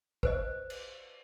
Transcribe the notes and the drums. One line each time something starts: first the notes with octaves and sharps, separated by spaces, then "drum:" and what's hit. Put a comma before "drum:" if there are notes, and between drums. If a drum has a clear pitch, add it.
B4 C5 D#5, drum: kick
drum: cymbal